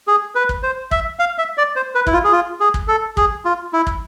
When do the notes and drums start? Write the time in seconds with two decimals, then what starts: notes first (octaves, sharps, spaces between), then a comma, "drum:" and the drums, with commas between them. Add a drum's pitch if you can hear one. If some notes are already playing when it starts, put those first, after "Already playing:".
0.07 G#4
0.35 B4
0.49 drum: kick
0.63 C5
0.91 E5, drum: kick
1.19 F5
1.38 E5
1.57 D5
1.76 C5
1.95 B4
2.07 E4, drum: kick
2.13 F4
2.24 G#4
2.32 F4
2.60 G#4
2.74 drum: kick
2.88 A4
3.17 G#4, drum: kick
3.45 F4
3.73 E4
3.87 drum: kick